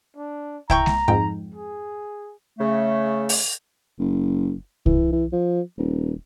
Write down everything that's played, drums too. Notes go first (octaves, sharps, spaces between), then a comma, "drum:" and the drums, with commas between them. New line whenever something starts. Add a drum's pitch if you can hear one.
D4
E4 G5 A#5 C#6, drum: kick C2
drum: snare G#3
F2 G#2 G5
G#4
C#3 A3
drum: open hi-hat
F#1
E3, drum: kick C2
E3
F3
D#1